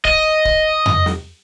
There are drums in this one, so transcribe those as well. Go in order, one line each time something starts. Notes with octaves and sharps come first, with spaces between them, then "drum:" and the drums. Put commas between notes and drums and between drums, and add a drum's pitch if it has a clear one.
D#5, drum: kick D1
drum: kick D1
drum: tom F2
drum: snare